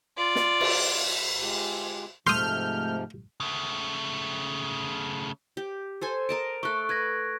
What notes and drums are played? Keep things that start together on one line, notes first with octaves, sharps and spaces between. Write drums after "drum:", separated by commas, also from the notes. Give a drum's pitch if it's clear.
F4 D5
drum: snare
drum: cymbal
G#3 F4 G4
G#2 C3 F3 A3 C6 D#6 F6 G6
C#3 A3
G4
A4 C5 G#5
A#4 D#5 A5 D7
A3 A4 C#6 F#6
B4 F#6 G#6 A#6